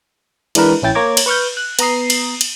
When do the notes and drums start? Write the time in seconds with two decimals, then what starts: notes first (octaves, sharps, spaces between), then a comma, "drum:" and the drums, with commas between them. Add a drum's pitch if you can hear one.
0.55 E3 G#3 D4 E4 A#4 B4, drum: cymbal
0.82 A#1 C#4 E4 G5 A6
0.95 A#3 C#5 A#5 D6 G#6
1.17 drum: cymbal
1.26 B4 C#6 F6 G6
1.57 F#6
1.79 B3 A#5 D#6 C7, drum: cymbal
2.10 drum: cymbal
2.41 drum: cymbal